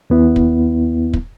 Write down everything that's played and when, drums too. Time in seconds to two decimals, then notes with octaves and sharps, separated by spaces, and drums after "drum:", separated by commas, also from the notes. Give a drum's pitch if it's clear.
0.10 D#2 B3 E4
0.36 drum: kick
1.13 drum: kick